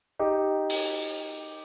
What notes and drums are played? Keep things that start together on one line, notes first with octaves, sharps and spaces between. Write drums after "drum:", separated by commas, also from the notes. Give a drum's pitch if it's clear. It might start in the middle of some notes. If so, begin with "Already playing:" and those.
D#4 G4
drum: open hi-hat